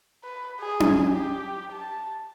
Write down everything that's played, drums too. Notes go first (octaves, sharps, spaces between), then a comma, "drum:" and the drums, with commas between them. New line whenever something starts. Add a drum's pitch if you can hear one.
B4
G#4
drum: tom C#4
G4
A5